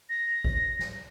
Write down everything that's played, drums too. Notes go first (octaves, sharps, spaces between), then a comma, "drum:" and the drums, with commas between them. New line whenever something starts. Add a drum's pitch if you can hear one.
A#6
drum: kick G1
drum: snare